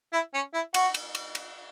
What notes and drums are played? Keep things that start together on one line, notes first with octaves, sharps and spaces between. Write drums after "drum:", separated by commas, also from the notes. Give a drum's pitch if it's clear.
E4
C#4
E4
F#4, drum: cymbal
drum: cymbal
drum: cymbal
drum: cymbal